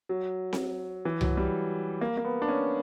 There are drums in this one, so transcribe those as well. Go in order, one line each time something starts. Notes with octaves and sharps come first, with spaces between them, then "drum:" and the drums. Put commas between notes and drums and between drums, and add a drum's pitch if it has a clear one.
F#3
drum: snare C4
E3
F#3, drum: tom C2
G3
A#3
A#3
B3
D4
C#4